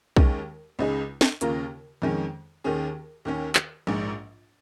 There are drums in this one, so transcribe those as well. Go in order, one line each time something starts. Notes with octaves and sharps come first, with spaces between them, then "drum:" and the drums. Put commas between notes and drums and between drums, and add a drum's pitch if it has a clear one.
D#2 D#3 G#3 C#4, drum: kick B1
C#2 C#3 G#3 D#4 G#4
drum: snare
D#2 C#3 A#3 F4 A#4, drum: hi-hat
F2 D#3 G#3 C#4
D#2 D#3 C#4 G#4
D#2 D#3 C#4
drum: clap
A#1 G#2 G#3